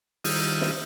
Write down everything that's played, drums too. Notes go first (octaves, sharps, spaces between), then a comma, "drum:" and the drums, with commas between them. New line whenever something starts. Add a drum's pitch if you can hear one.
D#3 G3 E4 F4 D#6, drum: open hi-hat
drum: snare